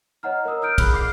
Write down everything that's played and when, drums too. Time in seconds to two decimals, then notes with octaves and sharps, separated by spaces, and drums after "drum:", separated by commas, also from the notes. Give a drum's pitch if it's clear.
0.23 C#5 D#5 F#5 A#5 F6
0.45 A#4 A#5 D#6 E6
0.62 D#6 F6 G6 D7
0.78 G#4 B5 F#6, drum: kick, cymbal
0.93 D6 F6 C7